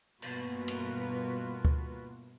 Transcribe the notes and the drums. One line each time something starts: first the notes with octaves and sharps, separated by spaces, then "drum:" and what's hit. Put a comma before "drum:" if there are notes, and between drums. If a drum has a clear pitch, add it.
G2 B2 A#3 F4 F#4 B4, drum: cymbal
drum: cymbal
drum: kick D2